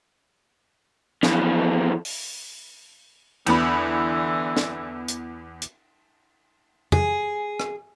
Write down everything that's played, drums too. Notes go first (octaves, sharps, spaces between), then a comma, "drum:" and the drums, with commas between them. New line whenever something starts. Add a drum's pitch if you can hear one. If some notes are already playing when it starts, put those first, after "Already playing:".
F2 E3, drum: snare
drum: open hi-hat
E2 D3 E3 B3 B5, drum: cymbal
drum: snare
drum: hi-hat
drum: hi-hat
G#4, drum: tom
drum: rim click